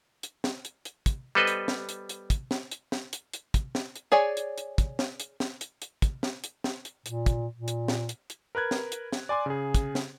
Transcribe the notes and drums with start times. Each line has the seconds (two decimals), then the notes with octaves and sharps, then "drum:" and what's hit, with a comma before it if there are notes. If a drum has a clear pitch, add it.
0.23 drum: hi-hat
0.44 drum: snare
0.65 drum: hi-hat
0.85 drum: hi-hat
1.06 drum: kick, hi-hat
1.35 G3 B3 A4 B4 C5 D#5
1.47 drum: hi-hat
1.68 drum: snare
1.89 drum: hi-hat
2.09 drum: hi-hat
2.30 drum: kick, hi-hat
2.51 drum: snare
2.71 drum: hi-hat
2.92 drum: snare
3.13 drum: hi-hat
3.33 drum: hi-hat
3.54 drum: kick, hi-hat
3.75 drum: snare
3.96 drum: hi-hat
4.12 G#4 C#5 D5 G#5
4.37 drum: hi-hat
4.58 drum: hi-hat
4.78 drum: kick, hi-hat
4.99 drum: snare
5.20 drum: hi-hat
5.40 drum: snare
5.61 drum: hi-hat
5.82 drum: hi-hat
6.02 drum: kick, hi-hat
6.23 drum: snare
6.44 drum: hi-hat
6.64 drum: snare
6.85 drum: hi-hat
7.06 A#2, drum: hi-hat
7.26 drum: kick, hi-hat
7.54 A#2
7.68 drum: hi-hat
7.88 drum: snare
8.09 drum: hi-hat
8.30 drum: hi-hat
8.55 A#4 B4 F#6 G#6
8.71 drum: snare
8.92 drum: hi-hat
9.12 drum: snare
9.29 D5 G#5 C6 D6
9.46 C#3 G#4
9.75 drum: kick, hi-hat
9.95 drum: snare